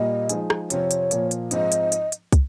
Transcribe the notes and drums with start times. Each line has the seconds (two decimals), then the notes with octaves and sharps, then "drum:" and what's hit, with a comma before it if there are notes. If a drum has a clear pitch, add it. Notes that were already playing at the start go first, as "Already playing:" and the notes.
Already playing: A#2 G3 A#3 D#5
0.29 F3 G#3 D#4 G#4, drum: hi-hat
0.50 drum: rim click
0.70 F2 C3 F3 C4 C#5, drum: hi-hat
0.91 drum: hi-hat
1.11 A#2 F3 A#3, drum: hi-hat
1.31 drum: hi-hat
1.51 G#2 F3 C4 D#4 D#5, drum: hi-hat
1.72 drum: hi-hat
1.92 drum: hi-hat
2.12 drum: hi-hat
2.32 drum: kick, hi-hat